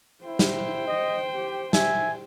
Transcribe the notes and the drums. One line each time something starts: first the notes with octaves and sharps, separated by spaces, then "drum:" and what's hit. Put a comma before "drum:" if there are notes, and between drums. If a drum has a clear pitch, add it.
E4 C5 G5
drum: snare
D#5
G4
E5 G#5, drum: snare